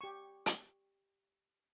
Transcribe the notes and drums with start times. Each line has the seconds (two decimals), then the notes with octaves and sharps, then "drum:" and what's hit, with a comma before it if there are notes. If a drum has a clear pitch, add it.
0.01 G4 C#6
0.46 drum: hi-hat